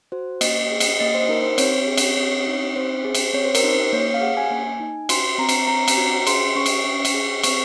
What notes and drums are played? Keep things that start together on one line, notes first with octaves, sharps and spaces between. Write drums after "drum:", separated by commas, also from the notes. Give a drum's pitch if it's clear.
F#4 C5
A#3 D#5, drum: cymbal
G#4
drum: cymbal
A#3 D#5
C5
D#4 A#4
C5
C4 C#5, drum: cymbal
G#4
drum: cymbal
C4 C#5
D#4
C4 C5
G#4
drum: cymbal
C4 C#5
C5
A#4, drum: cymbal
D#4 C5
A#3 C#5
F5
G#4 F#5
G#5
A#3
D#4
F#4 C6, drum: cymbal
C4 A#5
drum: cymbal
C4 A#5
drum: cymbal
F#4
G#4 C6, drum: cymbal
C#4 C#6
drum: cymbal
C#4
drum: cymbal
G#4
C4 C#6, drum: cymbal